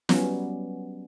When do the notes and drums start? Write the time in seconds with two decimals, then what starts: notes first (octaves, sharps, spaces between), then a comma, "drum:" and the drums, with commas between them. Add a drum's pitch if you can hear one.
0.09 F#3 G3 B3 C#4, drum: snare